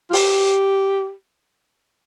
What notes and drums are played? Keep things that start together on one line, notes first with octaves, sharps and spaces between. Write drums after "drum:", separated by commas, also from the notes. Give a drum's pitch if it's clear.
F4
G4, drum: open hi-hat